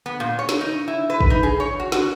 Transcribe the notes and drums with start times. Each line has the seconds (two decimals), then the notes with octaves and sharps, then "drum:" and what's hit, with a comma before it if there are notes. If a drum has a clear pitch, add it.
0.06 B3
0.20 A#2
0.39 C#5
0.49 drum: snare
0.61 D#4
0.88 E4
1.10 B4
1.20 drum: kick
1.30 D#4
1.43 G#4
1.60 C#5
1.80 F#4
1.92 F#4, drum: snare